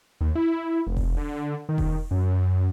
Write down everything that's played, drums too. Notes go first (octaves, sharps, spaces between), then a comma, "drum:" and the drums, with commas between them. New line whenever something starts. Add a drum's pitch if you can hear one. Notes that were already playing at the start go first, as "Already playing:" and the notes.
D#2
E4
F1
drum: kick E1
D3
D#3
drum: kick E1
F#2